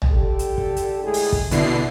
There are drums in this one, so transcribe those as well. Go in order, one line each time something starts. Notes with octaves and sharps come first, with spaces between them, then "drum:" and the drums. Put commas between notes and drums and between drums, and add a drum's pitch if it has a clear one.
drum: tom
D3 G4 A4
drum: hi-hat
drum: kick
drum: hi-hat
A2 G#3 G#4
drum: open hi-hat
drum: kick
B2 D3 D4 E4 C7, drum: hi-hat